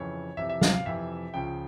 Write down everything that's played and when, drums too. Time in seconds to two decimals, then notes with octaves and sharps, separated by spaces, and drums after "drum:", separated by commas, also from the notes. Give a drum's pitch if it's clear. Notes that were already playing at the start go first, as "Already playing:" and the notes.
Already playing: F2 C#3 E3 C#5
0.37 F2 C3 E3 E5
0.49 E5
0.61 F5, drum: snare
0.73 F5
0.86 F2 C3 E3 E5
1.34 C#2 C#3 F3 G5